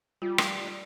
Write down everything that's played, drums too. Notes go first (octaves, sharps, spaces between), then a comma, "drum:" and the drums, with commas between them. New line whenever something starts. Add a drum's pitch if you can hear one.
G3 F4
drum: rim click